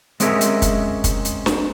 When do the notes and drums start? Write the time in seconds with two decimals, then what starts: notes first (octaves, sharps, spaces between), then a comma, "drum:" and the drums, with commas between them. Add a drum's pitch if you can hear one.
0.20 G#3 C4 C#4 G#4 A#4 E5, drum: hi-hat
0.41 drum: hi-hat
0.62 drum: kick, hi-hat
1.04 drum: kick, hi-hat
1.25 drum: hi-hat
1.46 drum: snare